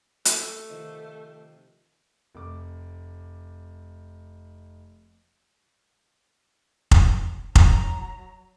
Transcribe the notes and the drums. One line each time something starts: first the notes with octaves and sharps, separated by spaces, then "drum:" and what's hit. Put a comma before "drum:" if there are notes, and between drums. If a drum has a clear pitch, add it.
A3, drum: hi-hat
C3 D#3 F3
F1 D6
drum: kick F1
F#3 A#5, drum: kick F1